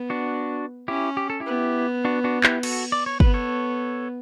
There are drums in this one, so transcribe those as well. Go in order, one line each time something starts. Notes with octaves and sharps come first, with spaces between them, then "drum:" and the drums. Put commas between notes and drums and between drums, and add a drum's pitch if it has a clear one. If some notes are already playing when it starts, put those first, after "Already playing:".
Already playing: B3
D4 F#4
C#4 E4 G4
G4
A4
E4 G4
B3
D4 F#4
D4 F#4
E4 G4, drum: clap
F#4 A4, drum: cymbal
D5
C#5
B3 B4, drum: kick
A4 C#5